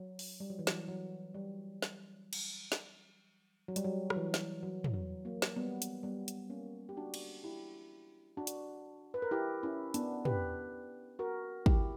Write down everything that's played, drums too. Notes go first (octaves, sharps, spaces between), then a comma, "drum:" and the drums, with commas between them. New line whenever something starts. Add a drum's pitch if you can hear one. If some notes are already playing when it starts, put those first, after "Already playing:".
Already playing: F#3
drum: open hi-hat
G3
F#3
E3
F#3, drum: snare
F#3
G3
drum: snare
drum: cymbal
drum: snare
F#3
G3, drum: hi-hat
F#3
F#3, drum: rim click
E3
drum: snare
F#3
drum: tom
F#3
F#3 A#3
drum: snare
G3 B3
drum: hi-hat
G3 B3
drum: hi-hat
A#3 C#4
G4
D4 F#4
drum: cymbal
E4 G4
D4 F#4
drum: hi-hat
B4
A#4
E4 G4
C#4 E4
B3 D4, drum: hi-hat
G4 B4, drum: tom
F#4 A#4
E4 G4, drum: kick